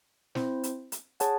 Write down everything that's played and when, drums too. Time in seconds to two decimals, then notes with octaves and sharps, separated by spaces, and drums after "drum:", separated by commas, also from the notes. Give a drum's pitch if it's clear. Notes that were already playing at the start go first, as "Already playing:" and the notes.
0.35 C4 E4 C5, drum: snare
0.63 drum: hi-hat
0.92 drum: hi-hat
1.20 G#4 C#5 F#5 A5, drum: hi-hat